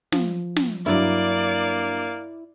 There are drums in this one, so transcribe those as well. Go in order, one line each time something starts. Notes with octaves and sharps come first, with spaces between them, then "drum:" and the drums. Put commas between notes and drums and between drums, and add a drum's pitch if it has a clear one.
F3, drum: snare
drum: snare
G2 F#3 A#3 E4 D5